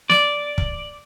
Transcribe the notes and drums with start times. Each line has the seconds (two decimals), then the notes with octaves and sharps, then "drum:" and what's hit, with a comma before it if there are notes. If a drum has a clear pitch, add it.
0.10 D5, drum: snare
0.58 drum: kick